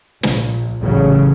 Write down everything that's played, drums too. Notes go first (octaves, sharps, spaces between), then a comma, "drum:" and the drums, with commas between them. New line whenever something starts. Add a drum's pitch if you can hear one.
A#1, drum: snare
A1 C#3 F#3